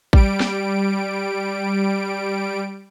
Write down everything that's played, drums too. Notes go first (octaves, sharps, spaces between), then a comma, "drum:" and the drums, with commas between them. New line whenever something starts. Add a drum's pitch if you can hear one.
G3 D7, drum: kick A1
drum: snare